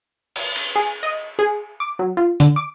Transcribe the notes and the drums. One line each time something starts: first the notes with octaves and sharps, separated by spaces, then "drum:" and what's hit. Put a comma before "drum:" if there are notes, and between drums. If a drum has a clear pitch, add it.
drum: cymbal
drum: cymbal
G#4
D#5
G#4
D6
F#3
F4
D3, drum: hi-hat
D6